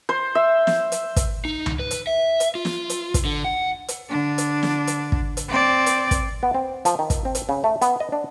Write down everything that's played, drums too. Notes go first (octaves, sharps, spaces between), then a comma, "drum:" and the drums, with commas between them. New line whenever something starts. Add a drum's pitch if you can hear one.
C5
E5
drum: snare
drum: hi-hat
drum: kick, hi-hat
D#4
drum: tom C#2
B4
drum: hi-hat
E5
drum: hi-hat
F4
drum: snare
drum: hi-hat
drum: kick, hi-hat
D3
F#5
drum: hi-hat
D3 D4
drum: hi-hat
drum: snare
drum: hi-hat
drum: kick
drum: hi-hat
C4 D5
drum: hi-hat
drum: kick, hi-hat
B3
C4
F3, drum: hi-hat
D#3
drum: kick, hi-hat
C4
drum: hi-hat
C#3
A3
B3, drum: hi-hat
D#5
D4